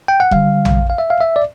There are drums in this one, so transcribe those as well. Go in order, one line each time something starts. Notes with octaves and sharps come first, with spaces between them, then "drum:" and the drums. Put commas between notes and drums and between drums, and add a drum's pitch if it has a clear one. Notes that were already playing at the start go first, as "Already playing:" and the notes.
G5
F#5
D3 G3 F5, drum: kick E1
drum: tom A#1
F5
E5
F5
E5
D5